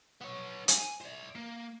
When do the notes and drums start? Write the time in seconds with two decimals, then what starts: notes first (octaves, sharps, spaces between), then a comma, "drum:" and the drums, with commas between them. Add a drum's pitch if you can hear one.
0.21 B3 C#5
0.68 G#5, drum: hi-hat
1.01 C5 D5
1.35 A#3